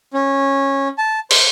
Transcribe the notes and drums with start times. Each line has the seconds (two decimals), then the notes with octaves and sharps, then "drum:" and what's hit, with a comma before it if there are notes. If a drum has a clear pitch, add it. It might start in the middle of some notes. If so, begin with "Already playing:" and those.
0.13 C#4
0.98 A5
1.31 C5, drum: cymbal